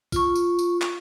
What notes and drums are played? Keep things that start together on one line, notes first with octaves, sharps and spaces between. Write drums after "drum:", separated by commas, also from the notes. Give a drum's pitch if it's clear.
F4 C#6, drum: kick, tambourine
drum: tambourine
drum: tambourine
drum: clap